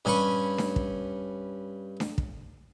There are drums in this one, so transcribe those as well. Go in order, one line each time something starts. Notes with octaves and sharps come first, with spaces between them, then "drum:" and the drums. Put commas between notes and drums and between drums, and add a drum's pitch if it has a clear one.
G2 C#4 G#5 B5 C#6
drum: snare D4
drum: kick
drum: snare D4
drum: kick